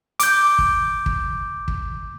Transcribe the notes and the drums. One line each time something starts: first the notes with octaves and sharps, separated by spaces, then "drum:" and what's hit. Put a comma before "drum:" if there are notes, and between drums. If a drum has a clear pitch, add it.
D6 G6, drum: hi-hat
drum: kick
drum: kick
drum: kick